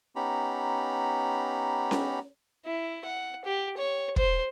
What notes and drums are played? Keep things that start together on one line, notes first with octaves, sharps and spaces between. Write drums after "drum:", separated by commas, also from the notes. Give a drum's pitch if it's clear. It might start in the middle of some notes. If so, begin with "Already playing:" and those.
B3 C#4 D#4 G4 A#5 B5
drum: snare C#4
E4
F#5
G4
C#5
C5, drum: kick